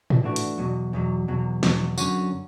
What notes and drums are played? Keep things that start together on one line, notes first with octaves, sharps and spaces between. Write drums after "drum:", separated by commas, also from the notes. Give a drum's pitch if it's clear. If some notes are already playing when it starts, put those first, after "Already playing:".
drum: tom G#2
E3 A3 D4 F#4
drum: hi-hat
E2 B2 F#3
E2 B2 F#3
E2 B2 F#3
E2 B2 F#3, drum: snare
F#2 D3 F#3 C#4 F#4, drum: tambourine